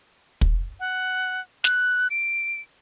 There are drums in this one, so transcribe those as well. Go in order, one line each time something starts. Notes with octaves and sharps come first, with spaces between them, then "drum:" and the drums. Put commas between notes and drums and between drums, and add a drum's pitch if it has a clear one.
drum: kick
F#5
F#6, drum: snare
D7